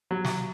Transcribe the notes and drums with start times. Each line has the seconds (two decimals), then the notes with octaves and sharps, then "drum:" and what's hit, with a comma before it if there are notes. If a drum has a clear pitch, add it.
0.11 F#3
0.25 drum: snare